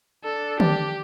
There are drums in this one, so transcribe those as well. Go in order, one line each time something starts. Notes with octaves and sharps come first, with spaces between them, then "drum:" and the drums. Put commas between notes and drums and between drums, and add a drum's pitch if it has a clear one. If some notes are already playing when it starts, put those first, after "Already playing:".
D4 A4
G4, drum: tom